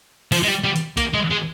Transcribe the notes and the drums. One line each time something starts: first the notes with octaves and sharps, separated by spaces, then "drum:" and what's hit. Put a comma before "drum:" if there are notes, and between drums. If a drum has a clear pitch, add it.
F3, drum: open hi-hat
G#3
G3
G3
drum: hi-hat
A#3, drum: kick, hi-hat
G#3
G#3